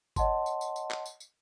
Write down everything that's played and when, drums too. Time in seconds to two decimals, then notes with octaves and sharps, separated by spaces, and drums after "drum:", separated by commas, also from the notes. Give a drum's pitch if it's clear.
0.16 C#5 D#5 F#5 A5 C6, drum: kick G1, tambourine
0.46 drum: tambourine
0.61 drum: tambourine
0.76 drum: tambourine
0.91 drum: clap
1.06 drum: tambourine
1.20 drum: tambourine